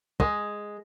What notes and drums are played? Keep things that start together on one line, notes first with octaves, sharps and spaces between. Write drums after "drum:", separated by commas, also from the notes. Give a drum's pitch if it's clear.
G#3, drum: kick